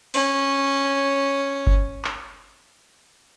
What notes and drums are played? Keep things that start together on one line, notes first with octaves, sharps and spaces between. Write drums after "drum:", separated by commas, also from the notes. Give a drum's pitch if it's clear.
C#4, drum: open hi-hat
drum: kick F#1
drum: clap